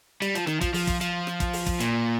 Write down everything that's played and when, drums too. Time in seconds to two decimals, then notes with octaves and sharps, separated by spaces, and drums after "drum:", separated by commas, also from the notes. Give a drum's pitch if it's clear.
0.22 G3, drum: hi-hat
0.35 F3, drum: hi-hat
0.47 D#3, drum: rim click
0.61 F3, drum: kick, hi-hat
0.74 F3, drum: open hi-hat
0.87 drum: kick, hi-hat
1.01 F3, drum: hi-hat
1.27 drum: rim click
1.40 drum: kick, hi-hat
1.53 drum: open hi-hat
1.66 drum: kick, hi-hat
1.80 A#2, drum: hi-hat